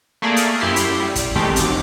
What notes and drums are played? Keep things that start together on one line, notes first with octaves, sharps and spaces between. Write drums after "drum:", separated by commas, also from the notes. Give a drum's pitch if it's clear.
A3 A#3 G#4 D5
drum: hi-hat
F#2 E4 G4 C6
drum: hi-hat
G3
drum: kick, hi-hat
D#3 G#3 A3 C4 G4, drum: kick
G1 D#2 F#3 D6, drum: hi-hat